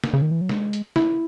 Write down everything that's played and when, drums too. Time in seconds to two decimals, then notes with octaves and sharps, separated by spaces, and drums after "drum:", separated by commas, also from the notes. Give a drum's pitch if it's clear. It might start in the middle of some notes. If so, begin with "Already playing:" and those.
0.04 drum: snare
0.13 C#3
0.22 D#3
0.31 E3
0.41 F#3
0.49 G#3, drum: snare
0.73 drum: hi-hat
0.96 E4, drum: snare